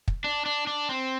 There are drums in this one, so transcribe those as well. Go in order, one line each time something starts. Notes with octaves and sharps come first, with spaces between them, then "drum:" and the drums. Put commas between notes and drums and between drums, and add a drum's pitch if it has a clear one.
drum: kick
D4
D4
D4
C4